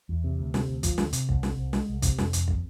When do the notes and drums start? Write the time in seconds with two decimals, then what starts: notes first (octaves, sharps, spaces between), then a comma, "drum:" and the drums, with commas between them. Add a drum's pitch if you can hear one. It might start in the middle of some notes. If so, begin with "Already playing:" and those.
0.09 E2
0.24 C3
0.39 D2
0.54 C3, drum: snare
0.68 D2
0.83 F3, drum: kick, hi-hat
0.98 D2, drum: snare
1.13 C3, drum: hi-hat
1.29 C2, drum: kick
1.43 C3, drum: snare
1.57 C2
1.73 G#3, drum: snare
1.89 C2
2.02 C3, drum: kick, hi-hat
2.18 F1, drum: snare
2.33 F2, drum: hi-hat
2.48 drum: kick